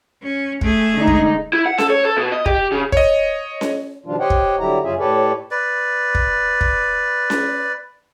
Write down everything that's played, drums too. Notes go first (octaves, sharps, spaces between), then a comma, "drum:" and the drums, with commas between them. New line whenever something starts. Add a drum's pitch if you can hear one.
C#4
A3 G#4, drum: kick
D3 G#3 D#4
drum: kick
E4
F#5
A4, drum: snare C#4
C#5
A4
B2
D#5
G4, drum: kick
C#3
C#5 D#5, drum: kick
drum: snare C#4
B2 D#3 F3 G3 D4 F4
G4 C5 C#5 D#5 F#5 G5
drum: kick
D3 F#3 G3 E4 G4 A#5
F#2 C#3 C#4 F4 G#4 E5
A2 G4 A4 B4 C#5 D5
B4 D5
drum: kick
drum: kick
drum: snare C#4